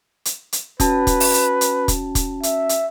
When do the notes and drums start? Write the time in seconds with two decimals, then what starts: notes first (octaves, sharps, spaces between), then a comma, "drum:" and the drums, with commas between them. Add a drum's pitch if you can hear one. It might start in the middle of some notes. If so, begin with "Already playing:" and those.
0.25 drum: hi-hat
0.53 drum: hi-hat
0.80 C#4 F#4 B4 A5, drum: kick, hi-hat
1.07 drum: kick, hi-hat
1.20 drum: open hi-hat
1.34 drum: hi-hat
1.61 drum: hi-hat
1.88 drum: kick, hi-hat
2.15 drum: kick, hi-hat
2.43 E5, drum: hi-hat
2.69 drum: hi-hat